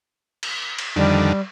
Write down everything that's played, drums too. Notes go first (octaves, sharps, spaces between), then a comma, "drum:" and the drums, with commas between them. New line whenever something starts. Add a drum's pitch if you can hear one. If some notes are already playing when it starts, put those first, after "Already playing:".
drum: cymbal
drum: cymbal
F2 D3 D#3 G3